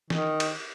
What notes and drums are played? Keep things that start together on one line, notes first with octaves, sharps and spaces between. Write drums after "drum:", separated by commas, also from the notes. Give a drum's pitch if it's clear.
D#3, drum: snare E3
drum: cymbal